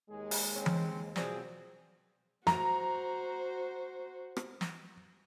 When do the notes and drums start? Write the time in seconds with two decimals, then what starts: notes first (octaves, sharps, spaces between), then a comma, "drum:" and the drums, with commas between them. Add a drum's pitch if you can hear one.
0.10 D#2 G#3 G#4
0.31 drum: open hi-hat
0.56 C4 C#4
0.66 drum: tom E3
1.16 B2 F3 F#3 C4 G#4 D5, drum: snare
2.47 F#4 C5 A#5, drum: snare
4.37 drum: rim click
4.61 drum: snare